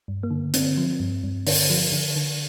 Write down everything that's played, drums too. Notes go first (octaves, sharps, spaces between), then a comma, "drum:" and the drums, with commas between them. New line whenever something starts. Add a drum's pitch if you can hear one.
G2
A#3
D3
D3 C4, drum: hi-hat
F3
G2
G2
D3, drum: open hi-hat
F3
D3
D3